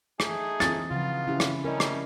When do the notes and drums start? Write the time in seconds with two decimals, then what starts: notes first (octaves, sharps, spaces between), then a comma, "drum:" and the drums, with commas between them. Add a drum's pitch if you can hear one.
0.20 A3 D#4 G#4, drum: rim click
0.60 E3 C4 E4 D#6 A6, drum: rim click
0.91 B1 C#3 F3 B3 F4
1.27 C#4 E4 G4
1.40 drum: rim click
1.65 G3 A3 C#4 A#4 D#5
1.80 drum: rim click